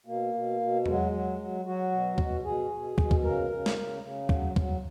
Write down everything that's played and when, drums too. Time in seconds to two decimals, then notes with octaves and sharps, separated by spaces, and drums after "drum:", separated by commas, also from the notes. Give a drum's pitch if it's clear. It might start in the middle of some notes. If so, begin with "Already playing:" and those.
0.06 B2 A#3
0.33 B2
0.60 B2
0.86 F#3 G#3, drum: tom E2
1.12 F#3
1.39 F#3
1.65 F#3 F#4
1.92 B2
2.18 B2, drum: kick
2.44 B2 G#4
2.71 B2
2.98 B2, drum: kick
3.11 drum: kick
3.24 C#3 A#4
3.50 C#3
3.66 drum: snare
3.77 C#3
4.03 C#3
4.29 F#3, drum: kick
4.56 F#3, drum: kick